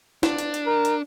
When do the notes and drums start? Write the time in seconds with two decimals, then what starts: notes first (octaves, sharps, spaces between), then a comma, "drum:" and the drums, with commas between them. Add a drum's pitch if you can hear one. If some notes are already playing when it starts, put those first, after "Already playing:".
0.23 D4, drum: snare
0.38 drum: hi-hat
0.54 drum: hi-hat
0.66 A#4
0.85 drum: hi-hat